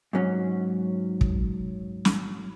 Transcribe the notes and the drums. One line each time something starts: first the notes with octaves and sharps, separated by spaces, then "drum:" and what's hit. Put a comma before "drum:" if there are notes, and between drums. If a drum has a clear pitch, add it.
G#2 F#3 C#4
drum: kick
drum: snare